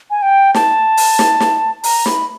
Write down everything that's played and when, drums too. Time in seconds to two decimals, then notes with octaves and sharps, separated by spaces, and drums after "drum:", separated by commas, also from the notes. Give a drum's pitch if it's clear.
0.10 G#5
0.22 G5
0.54 A5, drum: snare
0.97 drum: open hi-hat
1.19 drum: snare
1.40 drum: snare
1.84 A#5, drum: open hi-hat
2.06 B5, drum: snare